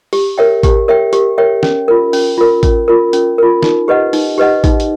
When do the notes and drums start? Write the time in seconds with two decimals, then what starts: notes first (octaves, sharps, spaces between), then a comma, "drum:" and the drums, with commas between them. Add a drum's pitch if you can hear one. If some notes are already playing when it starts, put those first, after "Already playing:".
0.13 G4, drum: open hi-hat
0.38 A#4 C#5 E5 G5
0.63 G4, drum: kick A1, hi-hat
0.88 A#4 C#5 E5 G5
1.13 G4, drum: hi-hat
1.38 A#4 C#5 E5 G5
1.63 C#4, drum: snare
1.88 F4 A#4
2.13 C#4, drum: open hi-hat
2.38 F4 A#4
2.63 C#4, drum: kick A1, hi-hat
2.88 F4 A#4
3.13 C#4, drum: hi-hat
3.38 F4 A#4
3.63 D#4, drum: snare
3.88 G4 B4 D#5 F#5
4.13 D#4, drum: open hi-hat
4.38 G4 B4 D#5 F#5
4.64 D#4, drum: kick A1, hi-hat
4.80 drum: hi-hat